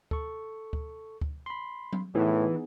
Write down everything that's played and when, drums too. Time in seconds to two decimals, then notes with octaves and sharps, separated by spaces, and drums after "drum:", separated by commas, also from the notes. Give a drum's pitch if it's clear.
0.11 A4 C#6, drum: kick D2
0.73 drum: kick D2
1.21 drum: kick D2
1.46 B5 C6
1.93 drum: tom F#3
2.15 A2 E3 B3 D#4 G#4